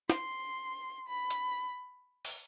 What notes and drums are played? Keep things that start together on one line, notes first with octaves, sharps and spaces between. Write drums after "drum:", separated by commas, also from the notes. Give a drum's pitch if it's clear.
C6, drum: snare
B5
drum: hi-hat
drum: open hi-hat